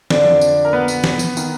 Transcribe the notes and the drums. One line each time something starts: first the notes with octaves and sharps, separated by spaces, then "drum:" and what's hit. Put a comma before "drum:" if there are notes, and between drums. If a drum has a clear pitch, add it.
F2 D3 F3 D4 D5, drum: snare
drum: tambourine
A#4
B3 B4
drum: tambourine
drum: snare
drum: tambourine
D#3, drum: tambourine